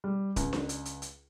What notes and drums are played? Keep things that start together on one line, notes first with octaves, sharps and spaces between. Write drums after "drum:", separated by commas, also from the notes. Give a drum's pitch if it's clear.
G3
C#2, drum: kick D1, hi-hat
drum: snare D4
drum: hi-hat
drum: hi-hat
drum: hi-hat